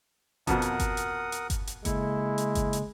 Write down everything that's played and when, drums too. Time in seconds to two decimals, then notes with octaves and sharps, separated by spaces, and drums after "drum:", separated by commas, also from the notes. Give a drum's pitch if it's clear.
0.47 F2 B2 A#4 F#5 D#6, drum: kick G1, hi-hat
0.62 drum: hi-hat
0.79 drum: kick G1, hi-hat
0.97 drum: hi-hat
1.32 drum: hi-hat
1.50 drum: kick G1, hi-hat
1.67 drum: hi-hat
1.85 C#3 G#3 A#3 E4 A4, drum: kick G1, hi-hat
2.38 drum: hi-hat
2.55 drum: kick G1, hi-hat
2.73 drum: hi-hat